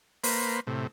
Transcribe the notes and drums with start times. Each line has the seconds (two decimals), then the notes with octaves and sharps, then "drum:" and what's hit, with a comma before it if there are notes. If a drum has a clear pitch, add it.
0.24 A#3 B4 C5, drum: open hi-hat
0.67 A2 C3